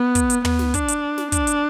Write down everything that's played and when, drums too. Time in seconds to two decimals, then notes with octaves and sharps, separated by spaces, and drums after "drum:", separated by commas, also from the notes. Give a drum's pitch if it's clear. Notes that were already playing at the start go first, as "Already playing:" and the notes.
Already playing: B3
0.15 drum: kick, hi-hat
0.30 drum: hi-hat
0.45 B3, drum: tom
0.59 drum: snare
0.74 D4, drum: kick, hi-hat
0.88 drum: hi-hat
1.18 drum: snare
1.32 D4, drum: kick, hi-hat
1.47 drum: hi-hat